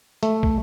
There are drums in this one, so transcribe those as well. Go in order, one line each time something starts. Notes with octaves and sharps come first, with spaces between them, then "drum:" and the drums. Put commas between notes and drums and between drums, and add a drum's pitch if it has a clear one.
A3, drum: hi-hat
drum: kick